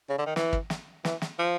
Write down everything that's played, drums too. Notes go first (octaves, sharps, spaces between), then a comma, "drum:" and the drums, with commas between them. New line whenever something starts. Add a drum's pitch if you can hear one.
C#3
D3
D#3
E3, drum: snare
drum: kick
drum: snare
E3, drum: snare
drum: snare
F3